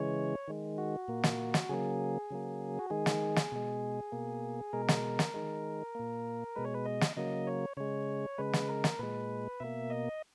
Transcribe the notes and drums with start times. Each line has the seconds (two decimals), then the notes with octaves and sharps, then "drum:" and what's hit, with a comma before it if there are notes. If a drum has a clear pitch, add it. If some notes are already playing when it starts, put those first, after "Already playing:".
Already playing: C#3 E3 G#3 C#5
0.48 D#3 G#3
0.78 F#4
1.08 A#2 A#3
1.23 drum: snare
1.54 drum: snare
1.69 C#3 F#3 A#3 G#4
2.30 C#3 F#3 A#3
2.79 F#4
2.90 D#3 G#3 G#4
3.06 drum: snare
3.36 drum: snare
3.52 B2 G#3
4.12 B2 A#3
4.73 B2 G#3 A#4
4.88 drum: snare
5.19 drum: snare
5.34 D#3 G#3
5.95 A#2 A#3
6.56 B2 G#3 B4
6.65 C#5
6.74 B4
6.86 D#5
7.01 drum: snare
7.17 C#3 F#3 A#3 D#5
7.47 C#5
7.77 C#3 G#3 C#5
8.38 C#3 G#3 B4
8.53 drum: snare
8.69 A#4
8.84 drum: snare
8.99 A#2 G#3 B4
9.60 B2 A#3 E5
9.90 D#5